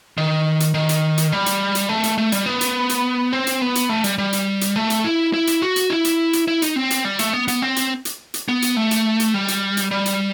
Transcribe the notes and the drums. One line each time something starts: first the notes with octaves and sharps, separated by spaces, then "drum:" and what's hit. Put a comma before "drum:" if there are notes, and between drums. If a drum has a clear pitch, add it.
D#3
drum: hi-hat
D#3
drum: hi-hat
drum: hi-hat
G3
drum: hi-hat
drum: hi-hat
A3
drum: hi-hat
A3
G3, drum: hi-hat
B3
drum: hi-hat
drum: hi-hat
C4
drum: hi-hat
B3
drum: hi-hat
A3
G3, drum: hi-hat
G3
drum: hi-hat
drum: hi-hat
A3
drum: hi-hat
E4
E4
drum: hi-hat
F#4
drum: hi-hat
E4
drum: hi-hat
drum: hi-hat
E4
D#4, drum: hi-hat
C4
drum: hi-hat
G3
A3, drum: hi-hat
B3
B3, drum: hi-hat
C4
drum: hi-hat
drum: hi-hat
drum: hi-hat
B3
drum: hi-hat
A3
drum: hi-hat
drum: hi-hat
G3
drum: hi-hat
drum: hi-hat
G3
drum: hi-hat